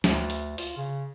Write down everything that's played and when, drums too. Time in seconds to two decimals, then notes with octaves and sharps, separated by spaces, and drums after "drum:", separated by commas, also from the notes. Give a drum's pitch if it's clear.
0.04 D2, drum: snare
0.30 drum: hi-hat
0.58 F4, drum: open hi-hat
0.77 C#3